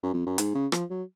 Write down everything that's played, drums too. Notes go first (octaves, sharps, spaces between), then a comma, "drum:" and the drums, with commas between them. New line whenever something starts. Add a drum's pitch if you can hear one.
F#2
F2
F#2
G#2, drum: hi-hat
C#3
F3, drum: rim click
F#3